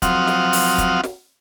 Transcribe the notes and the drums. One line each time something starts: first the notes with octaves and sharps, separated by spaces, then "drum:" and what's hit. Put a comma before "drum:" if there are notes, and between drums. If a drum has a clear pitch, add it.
F3 F#3 C4 F#5 D#6 F6, drum: kick, hi-hat
drum: snare
drum: open hi-hat
drum: kick, hi-hat
drum: snare